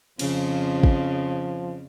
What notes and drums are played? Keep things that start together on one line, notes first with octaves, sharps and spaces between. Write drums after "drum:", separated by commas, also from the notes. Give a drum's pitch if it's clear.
F2 C#3 F3, drum: cymbal
drum: kick